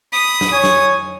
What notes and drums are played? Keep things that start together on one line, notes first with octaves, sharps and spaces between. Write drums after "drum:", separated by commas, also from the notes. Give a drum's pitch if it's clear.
B5 D#6
drum: snare
C#5 G#5
drum: snare